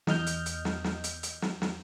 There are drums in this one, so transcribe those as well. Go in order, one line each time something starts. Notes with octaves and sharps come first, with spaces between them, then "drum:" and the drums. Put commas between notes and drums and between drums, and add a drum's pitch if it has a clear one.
E2 D#5 F6 G6, drum: snare
drum: hi-hat
drum: hi-hat
drum: snare
drum: snare
drum: hi-hat
drum: hi-hat
drum: snare
drum: snare